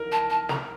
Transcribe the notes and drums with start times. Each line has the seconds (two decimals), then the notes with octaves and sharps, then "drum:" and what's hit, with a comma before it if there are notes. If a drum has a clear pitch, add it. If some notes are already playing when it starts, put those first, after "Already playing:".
Already playing: A#4
0.12 A5
0.30 A5
0.49 A#5, drum: snare